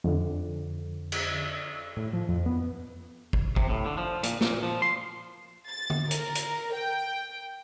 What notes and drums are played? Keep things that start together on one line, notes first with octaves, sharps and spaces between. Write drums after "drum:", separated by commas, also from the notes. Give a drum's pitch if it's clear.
F2 D3
drum: cymbal
A2
F3
F2
B3
drum: kick
C3, drum: kick
A2
D3
F3
A#2, drum: hi-hat
A#2, drum: snare
F3
C6
A6
drum: tom D3
A#4, drum: hi-hat
drum: hi-hat
G5